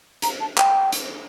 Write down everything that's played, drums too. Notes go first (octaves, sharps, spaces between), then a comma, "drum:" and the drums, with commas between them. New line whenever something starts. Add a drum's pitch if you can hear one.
A#5, drum: hi-hat
A5
G5, drum: clap
drum: hi-hat